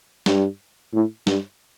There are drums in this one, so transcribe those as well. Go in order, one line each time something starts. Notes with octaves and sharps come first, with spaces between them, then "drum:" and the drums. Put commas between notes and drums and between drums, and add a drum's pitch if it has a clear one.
G2, drum: snare
A2
G2, drum: snare